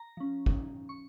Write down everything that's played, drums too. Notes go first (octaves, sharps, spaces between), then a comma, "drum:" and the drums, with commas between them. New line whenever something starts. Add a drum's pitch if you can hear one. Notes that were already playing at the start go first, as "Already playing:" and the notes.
Already playing: A#5
F3 C#4
drum: kick
C#6